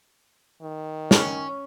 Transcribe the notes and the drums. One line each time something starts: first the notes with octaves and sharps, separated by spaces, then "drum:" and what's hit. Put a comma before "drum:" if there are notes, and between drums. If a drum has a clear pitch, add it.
D#3
C#4, drum: snare